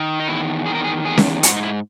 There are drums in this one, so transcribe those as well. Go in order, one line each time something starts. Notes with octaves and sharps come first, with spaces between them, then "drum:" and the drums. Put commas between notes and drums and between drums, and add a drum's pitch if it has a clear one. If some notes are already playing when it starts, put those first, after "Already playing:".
Already playing: D#3
D#4
E2 E4
D#3 G#4
A#4
G#4
E2 G#4
drum: snare C#4
G#2 F#4, drum: hi-hat
D#4
E4